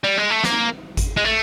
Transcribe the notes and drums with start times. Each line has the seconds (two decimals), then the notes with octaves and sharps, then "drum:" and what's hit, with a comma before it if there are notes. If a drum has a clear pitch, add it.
0.04 G3
0.17 G#3
0.30 A3
0.44 A#3, drum: snare
0.97 drum: kick G1, hi-hat
1.17 G#3
1.24 A3